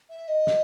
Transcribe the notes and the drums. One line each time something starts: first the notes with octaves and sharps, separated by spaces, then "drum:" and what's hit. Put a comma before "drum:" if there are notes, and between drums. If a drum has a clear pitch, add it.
E5
D#5
drum: snare